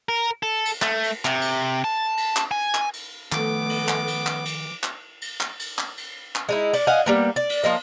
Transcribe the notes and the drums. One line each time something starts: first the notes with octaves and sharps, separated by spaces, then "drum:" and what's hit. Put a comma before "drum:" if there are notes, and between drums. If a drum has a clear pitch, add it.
A#4
A4
drum: cymbal
A3, drum: clap
drum: cymbal
C3, drum: clap
drum: cymbal
A5
drum: cymbal
drum: clap
G#5
drum: clap
drum: cymbal
D#3 F3 A3 B3 D6, drum: clap
drum: cymbal
drum: clap
drum: cymbal
drum: clap
drum: cymbal
drum: clap
drum: cymbal
drum: clap
drum: cymbal
drum: clap
drum: cymbal
drum: clap
G#3 D#4 E4
D5, drum: cymbal
D#5 F5 F#5 G#5
G3 A#3 B3
D5
drum: cymbal
F3 A#3 D#5